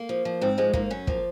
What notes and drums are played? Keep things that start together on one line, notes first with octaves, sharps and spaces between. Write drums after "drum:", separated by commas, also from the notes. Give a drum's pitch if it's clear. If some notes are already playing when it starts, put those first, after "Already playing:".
Already playing: A#3
F3
F3
G#2 C4
F3 G#3
G#2 A#3, drum: kick
F#2 C#4
F3 A#3, drum: kick